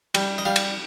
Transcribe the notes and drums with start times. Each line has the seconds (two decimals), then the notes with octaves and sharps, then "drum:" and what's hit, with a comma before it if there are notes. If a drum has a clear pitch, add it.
0.15 G3, drum: cymbal
0.38 D#5
0.45 G3 F5
0.56 drum: cymbal